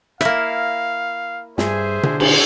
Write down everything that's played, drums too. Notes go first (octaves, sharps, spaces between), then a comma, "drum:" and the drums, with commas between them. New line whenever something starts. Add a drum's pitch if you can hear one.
A#3 E4 F5, drum: rim click
G2 G#4 C5 E5 G#5, drum: snare
D3, drum: tom B2
drum: cymbal